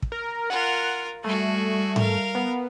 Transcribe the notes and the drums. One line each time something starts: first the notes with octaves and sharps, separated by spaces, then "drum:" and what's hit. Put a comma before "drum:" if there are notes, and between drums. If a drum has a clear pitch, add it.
drum: kick
A#4
F4 A#4 F#5
G3 A3 F#4 G#4
A#4 F5, drum: tom G#2
B3